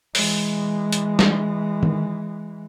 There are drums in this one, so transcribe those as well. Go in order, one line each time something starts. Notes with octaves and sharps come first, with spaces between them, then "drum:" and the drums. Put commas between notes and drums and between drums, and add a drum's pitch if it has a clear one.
E3 G#3, drum: open hi-hat
drum: hi-hat
drum: snare
drum: tom D#3